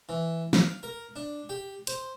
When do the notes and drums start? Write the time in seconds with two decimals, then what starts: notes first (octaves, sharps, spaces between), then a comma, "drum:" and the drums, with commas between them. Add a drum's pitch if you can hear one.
0.09 E3
0.53 F5, drum: snare
0.83 A#4
1.16 D4
1.49 G4
1.87 C5, drum: hi-hat